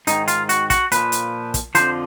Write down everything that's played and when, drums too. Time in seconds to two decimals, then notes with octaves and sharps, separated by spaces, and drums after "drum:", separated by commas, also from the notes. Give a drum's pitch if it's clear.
0.07 G#2 D#3 D#4, drum: hi-hat
0.28 F4, drum: hi-hat
0.49 F#4, drum: hi-hat
0.70 F#4, drum: kick, hi-hat
0.92 A#2 F3 B4, drum: hi-hat
1.12 drum: hi-hat
1.54 drum: kick, hi-hat
1.75 F2 D3 F3 C5, drum: hi-hat